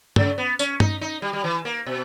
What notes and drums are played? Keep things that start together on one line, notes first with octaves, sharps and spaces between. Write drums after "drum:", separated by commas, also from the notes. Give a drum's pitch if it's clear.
C#3, drum: tom
B3
C#4, drum: tambourine
D#4, drum: tom
D#4
G3
G3
E3
A#3
B2